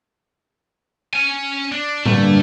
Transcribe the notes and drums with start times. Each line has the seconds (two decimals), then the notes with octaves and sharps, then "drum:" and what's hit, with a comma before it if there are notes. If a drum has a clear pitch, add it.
1.13 C#4 G#5
1.72 D4
2.06 G2 D3 A3 A#3, drum: tom A2